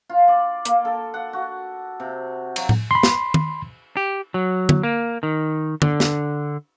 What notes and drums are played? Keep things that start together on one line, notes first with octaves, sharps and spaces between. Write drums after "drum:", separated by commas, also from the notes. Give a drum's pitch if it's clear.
F4
D5
A#3, drum: hi-hat
A4
F#5
F#4
C3
F#3, drum: cymbal
drum: tom A2
B5 C6
drum: snare
drum: tom
G4
F#3
drum: tom
A#3
D#3
D3, drum: tom
drum: snare